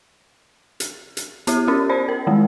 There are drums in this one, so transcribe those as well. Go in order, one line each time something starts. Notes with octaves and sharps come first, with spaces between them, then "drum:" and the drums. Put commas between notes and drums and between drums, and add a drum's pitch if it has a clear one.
drum: hi-hat
drum: hi-hat
B3 E4 G4, drum: hi-hat
C#4 F4 G4
C5 D5 B5
A#4
D#3 G3 G#3